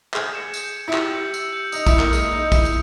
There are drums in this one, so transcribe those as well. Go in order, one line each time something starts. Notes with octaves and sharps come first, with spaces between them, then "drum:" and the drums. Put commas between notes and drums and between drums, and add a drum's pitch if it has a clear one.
G#4 G6, drum: clap
C#7 E7
G6, drum: tambourine
C#7 E7
E4
G4 E6, drum: clap
G6 C#7
E6, drum: tambourine
G6 C#7
D#4 D#6, drum: tambourine
E4, drum: kick, tambourine
G6 C#7
A#3, drum: clap
G#3 D#6, drum: tambourine
D#4 G6 C#7
E4 G6, drum: kick, tambourine
drum: tambourine